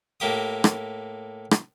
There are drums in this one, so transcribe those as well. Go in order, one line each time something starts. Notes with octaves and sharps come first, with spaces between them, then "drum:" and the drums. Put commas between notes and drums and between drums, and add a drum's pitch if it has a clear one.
A2 A#3 G4 D#6
drum: rim click
drum: rim click